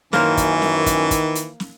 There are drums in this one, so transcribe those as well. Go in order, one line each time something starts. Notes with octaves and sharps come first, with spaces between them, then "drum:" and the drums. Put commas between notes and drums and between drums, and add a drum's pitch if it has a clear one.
F#2 D#3 E3 A#3 C#4 A#4 C5, drum: snare
drum: kick, hi-hat
drum: snare
drum: kick, hi-hat
drum: kick, hi-hat
drum: hi-hat
drum: snare